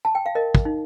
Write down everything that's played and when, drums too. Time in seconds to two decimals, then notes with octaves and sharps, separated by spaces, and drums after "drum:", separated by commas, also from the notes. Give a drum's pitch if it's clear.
0.05 A5
0.15 G5
0.26 F5
0.35 A#4 D#5
0.55 drum: kick
0.65 D#4